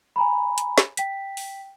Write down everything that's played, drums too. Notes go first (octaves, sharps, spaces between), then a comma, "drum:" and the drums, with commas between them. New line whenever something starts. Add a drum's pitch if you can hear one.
G#5 A#5 B5
drum: hi-hat
drum: snare
G5 B6, drum: hi-hat
drum: open hi-hat